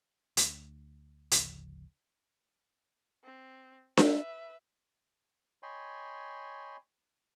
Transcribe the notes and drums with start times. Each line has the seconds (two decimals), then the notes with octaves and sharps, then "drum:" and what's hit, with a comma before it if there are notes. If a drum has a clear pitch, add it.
0.37 D2, drum: hi-hat
1.31 G#1 D2 C#3 F3, drum: hi-hat
3.24 C4
3.97 B4 E5, drum: snare D4
5.63 C#5 D#5 G5 G#5 B5 C6